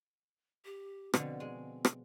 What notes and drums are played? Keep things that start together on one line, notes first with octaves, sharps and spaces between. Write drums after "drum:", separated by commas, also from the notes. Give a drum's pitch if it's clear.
G4
B2 D3 F3 C4, drum: rim click
G#3
drum: rim click